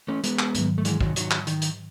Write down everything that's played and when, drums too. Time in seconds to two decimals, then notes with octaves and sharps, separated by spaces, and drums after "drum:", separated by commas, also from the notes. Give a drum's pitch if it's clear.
0.08 A3 C#4
0.24 G#3 B3, drum: hi-hat
0.39 drum: clap
0.55 G#2 D#3 F#3, drum: hi-hat
0.78 A3
0.85 E3 G#3, drum: hi-hat
1.01 D#3 F#3, drum: kick
1.16 D#3 F#3, drum: hi-hat
1.31 drum: clap
1.47 D#3, drum: hi-hat
1.62 drum: hi-hat